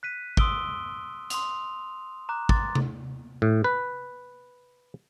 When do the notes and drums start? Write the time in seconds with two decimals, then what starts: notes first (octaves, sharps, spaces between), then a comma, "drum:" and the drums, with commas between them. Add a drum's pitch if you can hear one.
0.03 F#6 B6 D#7
0.37 C6 D#6 E6 D7 G7, drum: kick
1.30 C6 D#6 F7, drum: hi-hat
2.29 A#5 D6 F#6
2.49 C6 D6 A6, drum: kick
2.75 drum: tom C3
3.42 A2
3.64 B4